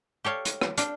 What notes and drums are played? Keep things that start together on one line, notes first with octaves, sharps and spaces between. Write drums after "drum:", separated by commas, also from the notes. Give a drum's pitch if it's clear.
G4 A4 C#5 F5
drum: hi-hat
drum: rim click
D4 F5 G5, drum: hi-hat